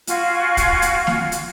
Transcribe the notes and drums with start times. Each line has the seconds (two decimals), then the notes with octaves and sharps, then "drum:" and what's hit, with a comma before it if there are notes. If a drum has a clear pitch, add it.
0.07 F4 F#4 F5 G#5, drum: hi-hat
0.57 drum: kick, hi-hat
0.82 drum: hi-hat
1.07 drum: snare
1.32 drum: hi-hat